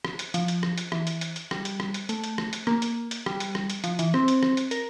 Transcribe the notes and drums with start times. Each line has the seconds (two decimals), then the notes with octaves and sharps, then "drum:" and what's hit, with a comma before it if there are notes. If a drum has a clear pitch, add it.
0.05 drum: rim click
0.19 drum: hi-hat
0.34 F3, drum: hi-hat
0.48 drum: hi-hat
0.63 drum: rim click
0.78 drum: hi-hat
0.92 E3, drum: rim click
1.07 drum: hi-hat
1.21 drum: hi-hat
1.36 drum: hi-hat
1.51 G3, drum: rim click
1.65 drum: hi-hat
1.80 drum: rim click
1.94 drum: hi-hat
2.09 A3, drum: hi-hat
2.24 drum: hi-hat
2.38 drum: rim click
2.53 drum: hi-hat
2.67 A#3, drum: rim click
2.82 drum: hi-hat
3.11 drum: hi-hat
3.26 G3, drum: rim click
3.40 drum: hi-hat
3.55 drum: rim click
3.70 drum: hi-hat
3.84 F3, drum: hi-hat
3.99 E3, drum: hi-hat
4.14 C4, drum: rim click
4.28 drum: hi-hat
4.43 drum: rim click
4.57 drum: hi-hat
4.71 A#4, drum: hi-hat